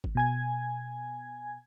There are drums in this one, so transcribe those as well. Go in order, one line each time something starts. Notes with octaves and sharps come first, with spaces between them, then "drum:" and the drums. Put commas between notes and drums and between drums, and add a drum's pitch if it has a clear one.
drum: kick G#1
B2 G#5 G#6